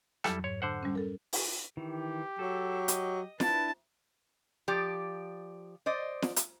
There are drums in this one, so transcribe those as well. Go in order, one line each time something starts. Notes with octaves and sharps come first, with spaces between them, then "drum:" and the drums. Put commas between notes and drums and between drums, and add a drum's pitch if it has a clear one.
F2 F#3 G3 E4 A4, drum: rim click
G#2 C#5
D3 C5 F#5
G3 C#4
A4 A#4
drum: open hi-hat
D#3 E3 G4
F#3 A4
D#5, drum: hi-hat
D4 E4 B4 A5, drum: snare
F3 G4 D5
C5 D5 D#5
drum: snare
drum: hi-hat